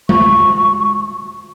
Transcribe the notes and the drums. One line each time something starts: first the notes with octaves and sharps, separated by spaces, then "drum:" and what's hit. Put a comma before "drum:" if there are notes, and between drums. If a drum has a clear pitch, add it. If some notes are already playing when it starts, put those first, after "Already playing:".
C#6, drum: tom G#3